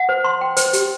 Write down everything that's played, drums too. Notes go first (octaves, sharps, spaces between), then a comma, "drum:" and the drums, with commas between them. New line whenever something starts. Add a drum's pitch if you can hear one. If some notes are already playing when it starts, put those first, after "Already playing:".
Already playing: F#5
C5
C6
G5
C5, drum: hi-hat
G4, drum: hi-hat